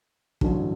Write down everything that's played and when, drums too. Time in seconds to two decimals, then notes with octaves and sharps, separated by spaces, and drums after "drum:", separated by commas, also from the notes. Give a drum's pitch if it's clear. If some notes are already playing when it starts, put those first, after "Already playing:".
0.41 A1 G2 D3 F#3, drum: kick